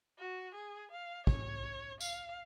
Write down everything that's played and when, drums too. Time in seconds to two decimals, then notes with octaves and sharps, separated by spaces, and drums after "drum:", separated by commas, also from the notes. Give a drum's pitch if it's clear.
0.18 F#4
0.55 G#4
0.91 F5
1.27 C#5, drum: kick
2.00 F5, drum: tambourine